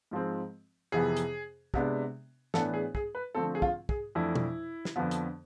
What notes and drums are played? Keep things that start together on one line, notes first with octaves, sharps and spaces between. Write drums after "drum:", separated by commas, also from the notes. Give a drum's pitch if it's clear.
G#2 F3 G#3 C4
F2 C3 E3 B3 G#4
drum: hi-hat
C3 G#3 B3 D4, drum: kick
A2 E3 B3 D4 A4, drum: snare
G#4
G#4, drum: kick
B4
D3 F3 A3 C4 A4
G#4
F4, drum: kick
G#4, drum: kick
F2 E3 A3 D4 E4
drum: tom B2
drum: snare
F2 D3 F3 B3
drum: hi-hat